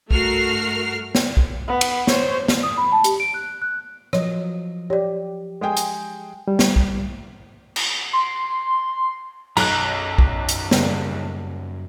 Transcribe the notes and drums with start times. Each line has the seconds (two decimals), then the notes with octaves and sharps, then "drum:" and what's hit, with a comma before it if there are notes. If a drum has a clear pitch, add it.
0.11 G2 A3 F#4 A#4 F6 C7, drum: kick
1.15 drum: snare
1.37 drum: kick
1.68 B3
1.81 drum: cymbal
2.07 C5 C#5, drum: snare
2.48 drum: snare
2.63 D#6
2.77 B5
2.92 A5
3.04 G4, drum: hi-hat
3.20 D7
3.34 F#6
3.62 F#6
4.13 F3 F#3 C#5 D#5, drum: rim click
4.90 G4 C#5 D5
5.61 G#3 G#4 G5
5.77 drum: hi-hat
6.48 G3
6.59 drum: snare
6.76 drum: kick
7.76 drum: cymbal
8.13 C6
9.57 B1 F#2 D#4 A#5 F#6, drum: cymbal
10.18 drum: kick
10.49 drum: hi-hat
10.71 C#3 G3 A#3, drum: snare